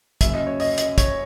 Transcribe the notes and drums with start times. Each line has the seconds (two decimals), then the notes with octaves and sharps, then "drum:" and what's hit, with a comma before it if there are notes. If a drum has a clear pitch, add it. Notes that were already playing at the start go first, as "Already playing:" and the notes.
0.21 F#1 F#2 C#3 E5, drum: kick, hi-hat
0.34 D#5
0.47 C#5
0.60 D#5, drum: open hi-hat
0.78 D#5, drum: hi-hat
0.98 C#5, drum: kick, hi-hat